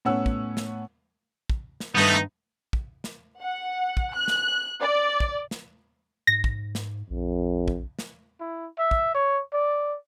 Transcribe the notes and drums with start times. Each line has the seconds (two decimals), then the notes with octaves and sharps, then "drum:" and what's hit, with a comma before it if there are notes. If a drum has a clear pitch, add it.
0.05 A2 B3 C#4 F#5 E6
0.26 drum: kick
0.57 drum: snare
1.50 drum: kick
1.80 drum: snare
1.95 G2 D#3 A3 B3 D#4 B4
2.73 drum: kick
3.04 drum: snare
3.41 F#5
3.97 drum: kick
4.15 F#6
4.28 drum: snare
4.80 D5
5.20 drum: kick
5.51 drum: snare
6.27 G#2 A#6
6.44 drum: kick
6.75 drum: snare
7.10 A#1 F2
7.68 drum: kick
7.99 drum: snare
8.41 E4
8.79 E5
8.91 drum: kick
9.14 C#5
9.53 D5